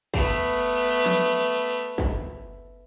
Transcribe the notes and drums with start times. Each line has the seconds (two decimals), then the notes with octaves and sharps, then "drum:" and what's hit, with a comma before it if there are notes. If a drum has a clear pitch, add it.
0.14 A3 B3, drum: kick
1.06 drum: snare
1.98 drum: kick